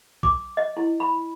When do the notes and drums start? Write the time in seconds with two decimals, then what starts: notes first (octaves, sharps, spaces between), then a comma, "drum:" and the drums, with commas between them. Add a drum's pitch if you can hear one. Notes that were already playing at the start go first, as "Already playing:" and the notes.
0.23 D6, drum: kick A#1
0.57 D#5
0.77 E4
1.00 B5